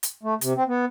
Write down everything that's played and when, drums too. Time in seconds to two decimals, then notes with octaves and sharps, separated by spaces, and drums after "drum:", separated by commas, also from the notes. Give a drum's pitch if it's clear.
0.03 drum: hi-hat
0.23 A3
0.41 C3, drum: hi-hat
0.56 C4
0.68 B3